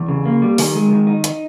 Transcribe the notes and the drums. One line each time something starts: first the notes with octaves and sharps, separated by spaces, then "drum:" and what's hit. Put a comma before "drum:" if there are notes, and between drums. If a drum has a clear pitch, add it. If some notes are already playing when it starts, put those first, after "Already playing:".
Already playing: E2
C#3
A#3
G3
D#3, drum: open hi-hat
G#3
D#3
D#4
drum: hi-hat